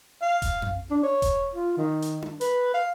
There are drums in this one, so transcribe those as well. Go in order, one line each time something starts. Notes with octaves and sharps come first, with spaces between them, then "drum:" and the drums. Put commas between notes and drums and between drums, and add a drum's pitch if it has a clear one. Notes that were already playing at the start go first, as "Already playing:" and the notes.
F5
drum: kick E1, hi-hat
drum: tom F2
D4
C#5
drum: kick E1, hi-hat
F4
D#3
drum: hi-hat
drum: tom D4
B4, drum: hi-hat
F5